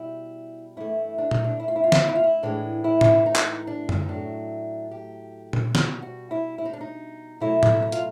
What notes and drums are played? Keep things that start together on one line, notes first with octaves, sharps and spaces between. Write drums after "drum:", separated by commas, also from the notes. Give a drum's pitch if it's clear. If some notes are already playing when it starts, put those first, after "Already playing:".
Already playing: B2 G3 E4
G2 E3 A3 E4
D4
D#4, drum: tom A#2
D4
E4
F4
E4
F4
E4, drum: snare
F4
E4
F4
E4
A2 E3 G#3 D4
E4
drum: tom A2
D#4
drum: clap
D4
drum: tom
D#4
A2 F#3 A3 D4
G4
drum: tom A#2
B2 G3 F#4, drum: snare
F#4
E4
E4
D#4
D4
D#4
B2 F#3 A3 E4
drum: tom A2
E4
F4, drum: hi-hat